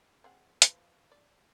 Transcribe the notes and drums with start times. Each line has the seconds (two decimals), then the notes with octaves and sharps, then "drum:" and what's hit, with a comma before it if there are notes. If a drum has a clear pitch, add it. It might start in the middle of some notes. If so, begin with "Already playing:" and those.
0.24 C4 G#4 F#5
0.62 F3 B4, drum: hi-hat
1.12 D5